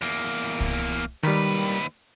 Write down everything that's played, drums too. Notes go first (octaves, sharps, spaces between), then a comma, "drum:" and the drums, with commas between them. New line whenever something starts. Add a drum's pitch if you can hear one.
E2 A#3
drum: kick C2
D#2 D#3 G3 B4